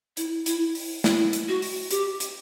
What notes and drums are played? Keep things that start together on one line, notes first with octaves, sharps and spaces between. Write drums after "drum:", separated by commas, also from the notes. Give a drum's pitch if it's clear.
E4, drum: hi-hat
E4, drum: hi-hat
drum: open hi-hat
E4, drum: snare
drum: hi-hat
F#4
drum: open hi-hat
G4, drum: hi-hat
drum: hi-hat